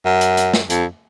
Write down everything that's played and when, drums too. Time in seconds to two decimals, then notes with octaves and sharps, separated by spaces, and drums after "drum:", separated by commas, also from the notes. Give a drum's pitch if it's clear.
0.05 F#2
0.21 drum: hi-hat
0.37 drum: hi-hat
0.54 drum: snare
0.70 F2, drum: hi-hat